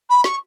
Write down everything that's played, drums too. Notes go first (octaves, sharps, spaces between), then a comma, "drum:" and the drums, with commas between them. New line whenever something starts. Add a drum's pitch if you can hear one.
B5
C#6, drum: snare